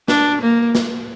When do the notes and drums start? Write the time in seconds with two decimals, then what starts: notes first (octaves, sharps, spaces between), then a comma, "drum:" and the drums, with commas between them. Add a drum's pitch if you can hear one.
0.08 D4, drum: snare
0.42 A#3
0.75 drum: snare